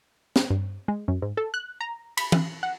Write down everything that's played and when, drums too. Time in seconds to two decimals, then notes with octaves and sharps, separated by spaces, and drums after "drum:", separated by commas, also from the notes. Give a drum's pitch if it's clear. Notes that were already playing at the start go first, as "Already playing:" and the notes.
0.36 drum: snare
0.50 G2
0.88 G#3
1.08 F#2
1.22 G#2
1.37 A4
1.54 F#6
1.80 A#5
2.17 B5, drum: cymbal
2.32 drum: tom
2.63 F#5